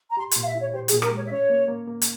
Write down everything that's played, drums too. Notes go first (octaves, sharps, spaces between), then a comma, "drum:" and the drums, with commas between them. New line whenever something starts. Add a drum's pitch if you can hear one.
A#5
G4 C6
C6, drum: hi-hat
A#2
F5
E5
E4 C#5
G4 C5
G#4, drum: hi-hat
A#2
A#4, drum: rim click
G#3 C#5
E5
C#4 C#5
A#3
A#3
A#3
drum: hi-hat